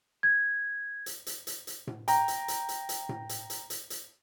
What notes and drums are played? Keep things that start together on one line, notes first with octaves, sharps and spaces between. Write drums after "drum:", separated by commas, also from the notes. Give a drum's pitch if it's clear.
G#6
drum: hi-hat
drum: hi-hat
drum: hi-hat
drum: hi-hat
drum: tom A2
G5 A#5, drum: hi-hat
drum: hi-hat
drum: hi-hat
drum: hi-hat
drum: hi-hat
drum: tom A2
drum: hi-hat
drum: hi-hat
drum: hi-hat
drum: hi-hat